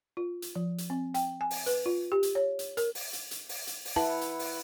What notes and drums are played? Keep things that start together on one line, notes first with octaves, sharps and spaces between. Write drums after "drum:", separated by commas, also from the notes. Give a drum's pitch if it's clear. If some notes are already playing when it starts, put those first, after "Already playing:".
F4
drum: hi-hat
F3
drum: hi-hat
C4
G5, drum: hi-hat
G#5
drum: open hi-hat
B4, drum: hi-hat
F4
G4
drum: hi-hat
C#5
drum: hi-hat
A#4, drum: hi-hat
drum: open hi-hat
drum: hi-hat
drum: hi-hat
drum: open hi-hat
drum: hi-hat
drum: open hi-hat
E4 B4 F#5 A5
drum: hi-hat
drum: open hi-hat